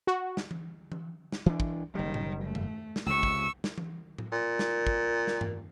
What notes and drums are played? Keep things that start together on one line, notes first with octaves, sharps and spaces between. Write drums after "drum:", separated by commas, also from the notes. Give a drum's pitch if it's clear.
F#4
drum: snare
drum: tom E3
drum: tom E3
drum: snare
E3 D4
drum: kick
F#1 D#3 G3
drum: tom A2
A3
drum: tom G2
drum: snare
C#2 C3 C#6 E6
drum: kick
drum: snare
drum: tom E3
drum: tom A2
A#2
drum: snare
drum: kick
drum: snare
drum: tom G2